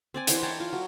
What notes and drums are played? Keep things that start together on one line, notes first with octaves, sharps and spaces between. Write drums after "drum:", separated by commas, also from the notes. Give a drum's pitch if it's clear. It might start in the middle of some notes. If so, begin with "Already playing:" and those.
C4 D5 G#5
E3 C5 C#5 F#5, drum: hi-hat
C#5 G5 A5 A#5
F4
F#3